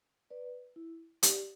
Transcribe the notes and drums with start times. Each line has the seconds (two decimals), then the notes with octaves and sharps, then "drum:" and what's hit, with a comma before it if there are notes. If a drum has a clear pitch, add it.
0.30 B4 D5
0.76 E4
1.23 G4 D5, drum: hi-hat